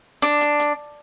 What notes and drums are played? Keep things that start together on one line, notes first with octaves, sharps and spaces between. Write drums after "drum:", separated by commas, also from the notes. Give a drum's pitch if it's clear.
D4, drum: hi-hat
drum: hi-hat
drum: hi-hat